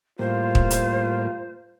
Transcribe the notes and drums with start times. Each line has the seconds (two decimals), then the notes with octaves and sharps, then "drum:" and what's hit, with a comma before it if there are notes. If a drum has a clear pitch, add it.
0.19 A2 G3 A#3 F4 C5
0.55 drum: kick
0.70 drum: hi-hat